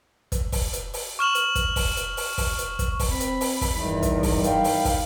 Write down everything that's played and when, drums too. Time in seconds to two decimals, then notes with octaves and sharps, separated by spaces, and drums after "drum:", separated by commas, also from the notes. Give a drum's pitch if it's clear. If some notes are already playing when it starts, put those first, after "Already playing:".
0.32 drum: kick, hi-hat
0.52 drum: kick, open hi-hat
0.73 drum: hi-hat
0.94 drum: open hi-hat
1.19 C#6 F6 E7 F#7
1.35 drum: hi-hat
1.55 drum: kick, hi-hat
1.76 drum: kick, open hi-hat
1.97 drum: hi-hat
2.17 drum: open hi-hat
2.38 drum: kick, open hi-hat
2.58 drum: hi-hat
2.79 drum: kick, hi-hat
3.00 drum: kick, open hi-hat
3.09 C4 B5
3.20 drum: hi-hat
3.41 drum: open hi-hat
3.61 drum: kick, open hi-hat
3.77 E2 G2 D#3
4.03 drum: kick, hi-hat
4.23 drum: kick, open hi-hat
4.44 F5 G5 B5, drum: hi-hat
4.64 drum: open hi-hat
4.85 drum: kick, open hi-hat